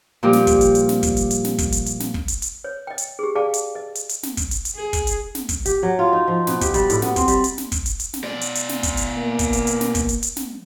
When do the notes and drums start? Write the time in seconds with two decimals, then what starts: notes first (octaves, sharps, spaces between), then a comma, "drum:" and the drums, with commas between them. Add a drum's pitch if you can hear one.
0.23 A#2 F3 G3 G4
0.33 drum: snare
0.47 drum: kick, hi-hat
0.61 drum: hi-hat
0.75 drum: hi-hat
0.89 drum: snare
1.03 drum: kick, hi-hat
1.17 drum: hi-hat
1.31 drum: hi-hat
1.45 drum: snare
1.58 drum: kick, hi-hat
1.72 drum: hi-hat
1.86 drum: hi-hat
2.00 drum: snare
2.14 drum: kick
2.28 drum: hi-hat
2.42 drum: hi-hat
2.64 C#5
2.87 D#5 G5
2.98 drum: hi-hat
3.19 G4 G#4
3.35 G#4 D5 F5 G5 A5
3.54 drum: hi-hat
3.75 D#5
3.95 drum: hi-hat
4.09 drum: hi-hat
4.23 drum: snare
4.37 drum: kick, hi-hat
4.51 drum: hi-hat
4.65 drum: hi-hat
4.75 G#4
4.93 drum: kick, hi-hat
5.07 drum: hi-hat
5.35 drum: snare
5.49 drum: kick, hi-hat
5.65 G4, drum: hi-hat
5.83 F#3
5.99 F4
6.13 D#4
6.28 F3
6.47 B2, drum: snare
6.61 G4, drum: kick, hi-hat
6.74 G3, drum: hi-hat
6.90 A2, drum: hi-hat
7.02 B3, drum: snare
7.16 C4, drum: kick, hi-hat
7.28 G3, drum: hi-hat
7.44 drum: hi-hat
7.58 drum: snare
7.72 drum: kick, hi-hat
7.86 drum: hi-hat
8.00 drum: hi-hat
8.14 drum: snare
8.24 B2 D5
8.41 drum: hi-hat
8.55 drum: hi-hat
8.69 drum: snare
8.83 drum: kick, hi-hat
8.97 drum: hi-hat
9.16 A#3
9.39 drum: kick, hi-hat
9.53 drum: hi-hat
9.67 drum: hi-hat
9.81 drum: snare
9.95 drum: kick, hi-hat
10.09 drum: hi-hat
10.23 drum: hi-hat
10.37 drum: snare